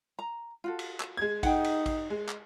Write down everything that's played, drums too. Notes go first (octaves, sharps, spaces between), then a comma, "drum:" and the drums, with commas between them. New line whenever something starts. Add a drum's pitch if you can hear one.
A#5
F4 F#4 A4
drum: cymbal
drum: clap
G#3 G#6
D#4 F#5 G5, drum: kick A1, cymbal
drum: cymbal
drum: kick A1, cymbal
G#3
drum: clap